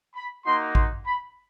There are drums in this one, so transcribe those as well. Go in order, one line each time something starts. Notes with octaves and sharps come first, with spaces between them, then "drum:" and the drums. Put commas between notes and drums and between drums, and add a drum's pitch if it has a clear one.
B5
A#3 D#4 F#4 C6
C6, drum: kick A1
B5